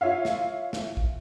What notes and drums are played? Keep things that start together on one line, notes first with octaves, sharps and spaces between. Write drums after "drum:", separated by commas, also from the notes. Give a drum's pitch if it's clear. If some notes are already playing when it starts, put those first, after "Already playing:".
F4 C#5 E5 F5
drum: snare
drum: snare
drum: kick A#1